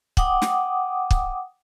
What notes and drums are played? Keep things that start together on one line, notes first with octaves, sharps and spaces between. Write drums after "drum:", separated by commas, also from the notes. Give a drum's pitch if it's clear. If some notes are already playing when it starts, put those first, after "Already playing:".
F#5 G5 D6 D#6, drum: kick
drum: snare
drum: kick